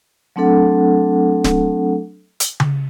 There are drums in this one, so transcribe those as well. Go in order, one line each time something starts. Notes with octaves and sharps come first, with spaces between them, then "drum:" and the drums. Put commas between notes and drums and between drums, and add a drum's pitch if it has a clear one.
F#3 A3 C4 D4 A4 F#5
drum: snare D1
drum: hi-hat
drum: tom C#3